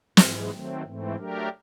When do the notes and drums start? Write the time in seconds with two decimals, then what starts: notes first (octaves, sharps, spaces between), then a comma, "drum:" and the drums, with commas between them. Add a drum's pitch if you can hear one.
0.17 G#2 E3 G#3, drum: snare
0.50 D#3 F#3 A3 C4
0.83 G#2 E3 A3 C4
1.16 F#3 A3 D4 G4 A#4